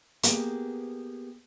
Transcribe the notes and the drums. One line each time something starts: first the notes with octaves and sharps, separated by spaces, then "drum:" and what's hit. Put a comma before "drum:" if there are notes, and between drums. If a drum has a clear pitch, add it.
A#3 B3 G4 G#4, drum: hi-hat